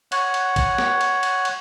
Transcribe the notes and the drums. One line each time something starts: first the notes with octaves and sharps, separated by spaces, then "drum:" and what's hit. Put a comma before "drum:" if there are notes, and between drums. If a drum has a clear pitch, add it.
C#5 F#5, drum: cymbal
drum: cymbal
drum: kick A1, cymbal
drum: snare
drum: cymbal
drum: cymbal
drum: cymbal